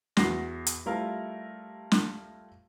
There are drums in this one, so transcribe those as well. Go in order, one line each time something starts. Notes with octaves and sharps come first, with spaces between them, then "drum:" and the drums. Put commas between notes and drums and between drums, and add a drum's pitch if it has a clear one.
E2 F#4 A#6 C7, drum: snare
drum: hi-hat
G3 A3 E4 F4 A#4 F5
drum: snare